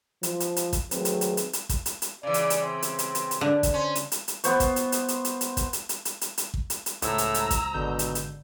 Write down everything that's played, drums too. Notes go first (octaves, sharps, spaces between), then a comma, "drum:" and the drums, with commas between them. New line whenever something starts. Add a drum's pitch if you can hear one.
F3, drum: hi-hat
drum: hi-hat
drum: hi-hat
drum: kick A1, hi-hat
D#3 F#3 A3 C4 G#4 B4, drum: hi-hat
drum: hi-hat
drum: hi-hat
drum: hi-hat
drum: hi-hat
drum: kick A1, hi-hat
drum: hi-hat
drum: hi-hat
C#3 E3 D5
drum: hi-hat
drum: hi-hat
C4
drum: hi-hat
drum: hi-hat
drum: hi-hat
drum: hi-hat
D3
drum: kick A1, hi-hat
C#4 C5
drum: hi-hat
drum: hi-hat
drum: hi-hat
B3 C5 C#6, drum: hi-hat
drum: kick A1, hi-hat
drum: hi-hat
drum: hi-hat
drum: hi-hat
drum: hi-hat
drum: hi-hat
drum: kick A1, hi-hat
drum: hi-hat
drum: hi-hat
drum: hi-hat
drum: hi-hat
drum: hi-hat
drum: kick A1
drum: hi-hat
drum: hi-hat
C#2 A2 C5 A#5 E6 G#6, drum: hi-hat
drum: hi-hat
drum: hi-hat
drum: kick A1, hi-hat
G#1 B2 D3 G6
drum: hi-hat
drum: hi-hat